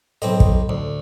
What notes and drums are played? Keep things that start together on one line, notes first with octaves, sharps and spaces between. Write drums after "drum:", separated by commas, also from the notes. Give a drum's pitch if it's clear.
B1 A2 C4 D#5
drum: kick
D2